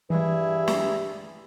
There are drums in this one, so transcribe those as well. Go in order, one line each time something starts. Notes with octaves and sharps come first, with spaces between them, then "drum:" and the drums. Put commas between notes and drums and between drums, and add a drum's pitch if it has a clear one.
G2 E3 G3 E4 G#4
drum: snare